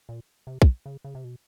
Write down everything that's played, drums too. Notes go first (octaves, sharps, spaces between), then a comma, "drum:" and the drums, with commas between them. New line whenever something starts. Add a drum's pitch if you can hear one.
A#2
C3
drum: kick
C#3
C#3
C3
B2